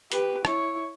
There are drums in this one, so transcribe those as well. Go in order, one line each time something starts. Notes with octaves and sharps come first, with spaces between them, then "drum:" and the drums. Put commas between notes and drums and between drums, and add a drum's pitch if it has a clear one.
G4 B4, drum: hi-hat
E4 C#5, drum: rim click